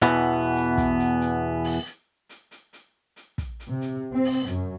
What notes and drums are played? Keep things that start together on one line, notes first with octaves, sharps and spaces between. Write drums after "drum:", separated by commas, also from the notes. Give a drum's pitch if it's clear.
E2 B2 E3 B3
drum: hi-hat
drum: kick, hi-hat
drum: hi-hat
drum: hi-hat
drum: open hi-hat
drum: hi-hat
drum: hi-hat
drum: hi-hat
drum: hi-hat
drum: hi-hat
drum: kick, hi-hat
drum: hi-hat
C3
drum: hi-hat
C4
drum: open hi-hat
F#2, drum: hi-hat